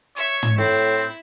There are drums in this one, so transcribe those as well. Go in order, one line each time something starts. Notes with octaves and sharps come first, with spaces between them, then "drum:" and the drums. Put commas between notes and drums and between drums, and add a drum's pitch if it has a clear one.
C#5 E5 C#6
drum: tom
A2 C4 E4 B5